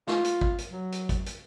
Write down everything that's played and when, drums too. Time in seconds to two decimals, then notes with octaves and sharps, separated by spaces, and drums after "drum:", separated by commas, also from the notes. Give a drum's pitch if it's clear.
0.07 F4, drum: snare
0.24 drum: hi-hat
0.41 drum: kick
0.58 drum: hi-hat
0.71 F#3
0.92 drum: hi-hat
1.09 drum: kick, hi-hat
1.26 drum: hi-hat